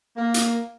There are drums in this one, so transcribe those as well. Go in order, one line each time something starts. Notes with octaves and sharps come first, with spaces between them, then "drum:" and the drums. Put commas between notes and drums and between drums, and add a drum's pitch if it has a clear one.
A#3
drum: hi-hat